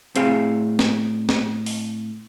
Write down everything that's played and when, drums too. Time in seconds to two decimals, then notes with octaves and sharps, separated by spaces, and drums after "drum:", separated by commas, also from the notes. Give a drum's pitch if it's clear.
0.16 A2 C4 G#4 F5, drum: hi-hat
0.79 drum: snare
1.29 drum: snare
1.66 drum: open hi-hat